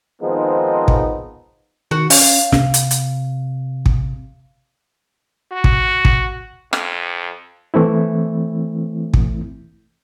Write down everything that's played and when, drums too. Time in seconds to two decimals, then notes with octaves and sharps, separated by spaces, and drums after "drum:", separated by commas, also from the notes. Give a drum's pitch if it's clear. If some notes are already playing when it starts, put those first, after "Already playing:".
0.21 D#3 F3 G#3 B3 C4 D#4
0.88 drum: kick
1.91 D#3 F#4
2.10 C#4 F5, drum: open hi-hat
2.52 C3, drum: snare
2.74 drum: hi-hat
2.91 drum: hi-hat
3.86 drum: kick
5.52 F#4
5.64 drum: kick
6.05 drum: kick
6.73 F2, drum: rim click
7.74 E3 A3 C4 E4
9.14 drum: kick